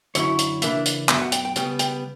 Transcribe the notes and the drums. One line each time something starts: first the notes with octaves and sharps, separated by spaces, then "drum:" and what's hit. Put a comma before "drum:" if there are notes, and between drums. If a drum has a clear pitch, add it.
F#2 D3 F#3 C#4 E4 C#5, drum: hi-hat
drum: hi-hat
C#3 E3 A#3 D4 E5, drum: hi-hat
drum: hi-hat
F#2 C#3 F#3 B3 E5, drum: clap
F#5
G5, drum: hi-hat
G5
C#3 G3 B3 G5, drum: hi-hat
G5, drum: hi-hat